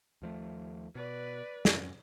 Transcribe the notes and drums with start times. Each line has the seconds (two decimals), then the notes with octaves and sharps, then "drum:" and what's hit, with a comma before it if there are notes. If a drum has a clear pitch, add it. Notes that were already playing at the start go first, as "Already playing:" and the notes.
0.22 D#2 F3 A3
0.95 B2 B4 D5
1.65 F2 F#3 C#4, drum: snare